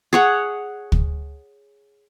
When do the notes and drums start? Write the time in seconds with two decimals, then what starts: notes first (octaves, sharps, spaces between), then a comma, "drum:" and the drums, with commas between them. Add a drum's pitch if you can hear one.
0.13 G#4 C#5 F#5
0.92 drum: kick